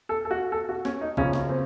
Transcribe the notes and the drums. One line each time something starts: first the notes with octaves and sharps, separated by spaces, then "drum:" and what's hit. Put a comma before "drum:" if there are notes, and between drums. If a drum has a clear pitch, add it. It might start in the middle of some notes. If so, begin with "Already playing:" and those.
A4
A4
F#4
A4
F#4
C#4, drum: snare
D#4
F#2 C#3 F3 C#4, drum: kick
drum: snare
C4